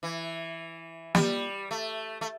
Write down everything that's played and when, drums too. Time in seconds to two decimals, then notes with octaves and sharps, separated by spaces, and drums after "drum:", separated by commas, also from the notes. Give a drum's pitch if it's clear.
0.03 E3
1.15 G3, drum: snare
1.71 A3
2.21 A3